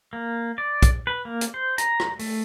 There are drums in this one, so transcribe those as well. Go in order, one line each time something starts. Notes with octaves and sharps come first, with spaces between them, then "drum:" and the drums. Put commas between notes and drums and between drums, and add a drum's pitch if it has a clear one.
A#3
D5
drum: kick, hi-hat
B4
A#3
drum: hi-hat
C5
A#5, drum: hi-hat
drum: rim click
A3, drum: open hi-hat